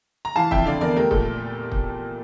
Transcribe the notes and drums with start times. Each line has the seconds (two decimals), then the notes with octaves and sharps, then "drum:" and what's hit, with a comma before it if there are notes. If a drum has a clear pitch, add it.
0.25 A#5
0.36 E3 F5 A5
0.51 F2 E5 G5, drum: kick
0.65 D3 D5 F5
0.81 E2 A#4 D5
0.96 A3 G4 A#4
1.11 A#2 A4, drum: kick
1.72 drum: kick